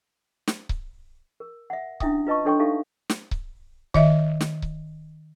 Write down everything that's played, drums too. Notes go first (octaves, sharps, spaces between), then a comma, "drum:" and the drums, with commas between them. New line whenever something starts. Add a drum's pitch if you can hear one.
drum: snare
drum: kick C#1
A#4
E5 F#5
C#4 D4 E4 E5 G5 D#6, drum: kick C#1
F4 B4 D#5 A5 C#6
D4 A4 C#5 G5 C6 C#6
D#4 G4 A4 C#5 E5 F5
drum: snare
drum: kick C#1
D#3 D#5 E5, drum: kick C#1
drum: snare
drum: kick C#1